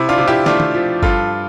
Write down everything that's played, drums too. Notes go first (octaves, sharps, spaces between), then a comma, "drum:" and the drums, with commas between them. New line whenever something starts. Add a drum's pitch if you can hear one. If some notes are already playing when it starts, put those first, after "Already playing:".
Already playing: C3 E4
D4 F4
C3
E4 G4
A3 D4 F4, drum: snare
drum: tom
F3
G2 F4 A4, drum: kick G1